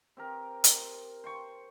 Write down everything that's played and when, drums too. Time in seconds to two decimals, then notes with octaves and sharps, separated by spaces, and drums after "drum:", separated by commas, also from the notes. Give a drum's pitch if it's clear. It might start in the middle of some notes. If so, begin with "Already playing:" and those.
0.17 C4 G4 A#4
0.64 drum: hi-hat
1.24 C5 G5 C#6